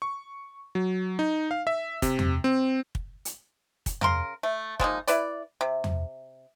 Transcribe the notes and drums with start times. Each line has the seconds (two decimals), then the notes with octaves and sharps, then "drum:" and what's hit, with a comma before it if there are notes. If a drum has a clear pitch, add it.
0.02 C#6
0.75 F#3
1.19 D#4
1.51 F5
1.67 E5
2.02 C3, drum: kick, hi-hat
2.19 drum: tom E2
2.44 C4
2.95 drum: kick
3.25 drum: hi-hat
3.86 drum: kick, hi-hat
4.01 C#3 A#4 C6, drum: tom E2
4.43 A3
4.80 F3 G#3 A#3 D#4, drum: kick
5.08 E4 B4 D5, drum: hi-hat
5.61 C3
5.84 drum: tom E2